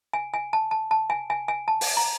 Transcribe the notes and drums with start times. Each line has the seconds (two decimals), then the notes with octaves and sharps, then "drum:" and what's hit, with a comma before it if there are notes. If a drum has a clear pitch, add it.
0.13 G#5
0.34 G#5
0.53 A5
0.71 A5
0.91 A5
1.10 G#5
1.30 G#5
1.48 G#5
1.68 A5
1.81 drum: open hi-hat
1.97 A#5